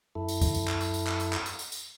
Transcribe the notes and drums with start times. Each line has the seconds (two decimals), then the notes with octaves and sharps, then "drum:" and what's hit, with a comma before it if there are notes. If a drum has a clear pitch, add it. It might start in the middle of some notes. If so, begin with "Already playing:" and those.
0.15 F#2 E4 A4
0.28 drum: tambourine
0.41 drum: kick C2, tambourine
0.55 drum: tambourine
0.68 drum: clap
0.81 drum: tambourine
0.94 drum: tambourine
1.07 drum: clap
1.20 drum: tambourine
1.33 drum: clap
1.46 drum: tambourine
1.59 drum: tambourine
1.72 drum: tambourine